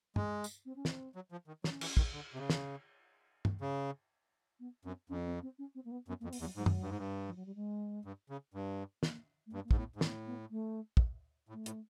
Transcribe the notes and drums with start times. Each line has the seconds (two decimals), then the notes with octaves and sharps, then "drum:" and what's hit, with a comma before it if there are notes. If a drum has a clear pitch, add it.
0.16 G#3, drum: tom G2
0.44 drum: tambourine
0.65 C4
0.76 C#4
0.85 C4, drum: snare
1.15 F#3
1.32 F3
1.48 D#3
1.64 F#3 C#4, drum: snare
1.81 E3, drum: cymbal
1.97 D#3, drum: kick
2.13 D3
2.34 C3
2.39 C#3
2.50 drum: snare
3.45 drum: tom G2
3.61 C#3
4.60 B3
4.84 F#2 C4
5.09 F2 C#4
5.25 C4
5.42 C4
5.58 C#4
5.75 C4
5.85 A#3
5.91 B3
6.08 F#2 B3
6.20 A#3
6.23 F2
6.27 C4
6.33 B3, drum: open hi-hat
6.40 E2
6.45 F#3
6.56 G#2 F#3
6.66 drum: tom
6.82 G2
6.89 G#2
6.98 G2
7.27 F3
7.36 F#3
7.46 G3
7.55 G#3
8.05 G2
8.30 C#3
8.54 G2
9.03 A#3, drum: snare
9.46 A3
9.53 G2 A#3
9.64 A#3
9.71 G#2, drum: kick
9.76 A2 B3
9.96 G#2
10.01 A2 B3, drum: snare
10.26 B3
10.50 A3
10.97 drum: kick
11.49 A2 A3
11.66 A2, drum: hi-hat